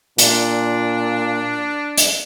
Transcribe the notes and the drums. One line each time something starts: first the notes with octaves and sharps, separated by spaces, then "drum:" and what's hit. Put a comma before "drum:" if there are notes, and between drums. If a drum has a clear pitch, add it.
A#2 D4, drum: hi-hat
drum: hi-hat